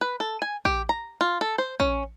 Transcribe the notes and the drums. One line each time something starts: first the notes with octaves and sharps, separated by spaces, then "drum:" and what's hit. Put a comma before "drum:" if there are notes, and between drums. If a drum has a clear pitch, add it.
B4
A4
G#5
G4, drum: kick
A#5
F4
A4
C5
C#4, drum: kick